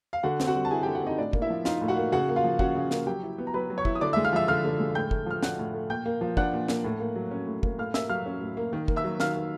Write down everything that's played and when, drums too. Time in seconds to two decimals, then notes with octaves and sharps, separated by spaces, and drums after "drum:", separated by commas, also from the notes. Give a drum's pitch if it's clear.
0.13 F5
0.23 D3 F#4 F#5
0.40 C4, drum: snare
0.47 F#4 F#5
0.55 G3
0.65 A5
0.71 E4 G#4 G#5
0.83 D3 G4 G5
0.95 F#4 F#5
1.03 C4 D#4 D#5
1.18 A2 D4 D5
1.33 A#3, drum: kick
1.42 E4 E5
1.50 F3
1.65 D#4 F4 F5, drum: snare
1.81 A2
1.88 F#4 F#5
1.97 A#3
2.12 C#3 F#4 F#5
2.29 A#3
2.36 F4 F5
2.44 F3
2.59 C#4 F#4 F#5, drum: kick
2.75 C#3
2.91 A#3, drum: snare
3.06 F#3 G4 G5
3.23 E4
3.38 B3
3.47 A#5
3.54 F#3 B4 B5
3.70 F#3
3.78 C#5 C#6
3.85 E4, drum: kick
3.95 D#6
4.01 D3 D5 D6
4.13 G#3 E5 E6
4.25 F5 F6
4.33 F3 E5 E6
4.48 D3 F5 F6
4.65 D3
4.80 G#3
4.95 A2 G5 G6
5.11 A3, drum: kick
5.26 F3 F6
5.43 D4 F#5 F#6, drum: snare
5.59 A2
5.74 A3
5.90 A#2 G5 G6
6.06 A#3
6.21 F3
6.37 D4 F#5 F#6, drum: kick
6.53 A#2
6.68 A#3, drum: snare
6.84 A2
7.00 A#3
7.16 F#3
7.31 C#4
7.47 A2
7.63 A#3, drum: kick
7.78 A2 F5 F6
7.94 A#3 E5 E6, drum: snare
8.09 F#3 F5 F6
8.26 C#4
8.41 A2
8.57 A#3
8.73 D#3
8.88 A#3, drum: kick
8.96 E5 E6
9.04 F#3
9.20 D#3 F5 F6, drum: snare
9.36 D#3